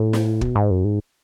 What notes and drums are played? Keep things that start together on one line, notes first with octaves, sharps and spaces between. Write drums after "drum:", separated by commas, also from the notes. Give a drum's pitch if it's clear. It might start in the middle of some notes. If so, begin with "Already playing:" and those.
Already playing: A2
drum: snare
B2, drum: kick
G#2
F#2
G#2